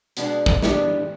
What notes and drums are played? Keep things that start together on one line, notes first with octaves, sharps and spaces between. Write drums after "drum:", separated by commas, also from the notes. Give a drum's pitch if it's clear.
B2 G#3 B3 D4, drum: hi-hat
drum: kick
B3 D4 G4, drum: snare